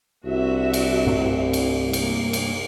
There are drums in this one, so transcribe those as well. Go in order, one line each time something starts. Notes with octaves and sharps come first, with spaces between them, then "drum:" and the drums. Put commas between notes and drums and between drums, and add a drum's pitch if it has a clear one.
C2 D4 F#4 E5
drum: cymbal
G2 C3 A3
drum: cymbal
A#3, drum: cymbal
drum: cymbal